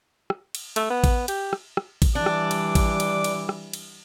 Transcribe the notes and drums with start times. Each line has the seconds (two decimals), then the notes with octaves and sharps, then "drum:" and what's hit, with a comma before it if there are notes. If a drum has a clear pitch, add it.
0.30 drum: rim click
0.55 drum: cymbal
0.76 A3, drum: cymbal
0.90 B3
1.04 drum: kick A1, cymbal
1.28 G4, drum: cymbal
1.53 drum: rim click
1.77 drum: rim click
2.02 drum: kick A1, cymbal
2.15 E3 G3 D4 D6
2.26 drum: rim click
2.51 drum: cymbal
2.75 drum: kick A1, cymbal
3.00 drum: cymbal
3.24 drum: cymbal
3.49 drum: rim click
3.73 drum: cymbal